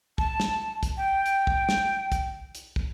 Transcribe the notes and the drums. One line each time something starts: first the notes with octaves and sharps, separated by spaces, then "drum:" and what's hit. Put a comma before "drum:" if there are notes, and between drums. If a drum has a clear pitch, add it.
A5, drum: kick
drum: snare
drum: kick, hi-hat
G5
drum: hi-hat
drum: kick
drum: snare
drum: kick, hi-hat
drum: hi-hat
drum: kick